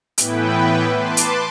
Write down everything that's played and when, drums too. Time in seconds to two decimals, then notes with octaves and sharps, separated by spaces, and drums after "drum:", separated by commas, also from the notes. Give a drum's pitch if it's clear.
0.18 A2 E3 B3 E4 B4 G5, drum: hi-hat
0.93 B4 A5 C6 D6
1.17 drum: hi-hat